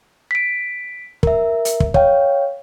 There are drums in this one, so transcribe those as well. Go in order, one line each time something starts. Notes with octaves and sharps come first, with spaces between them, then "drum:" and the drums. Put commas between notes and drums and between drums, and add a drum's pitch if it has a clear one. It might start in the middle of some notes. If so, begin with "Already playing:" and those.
B6 D7
A#4 E5, drum: kick
drum: hi-hat
drum: kick
C#5 F5 G5, drum: kick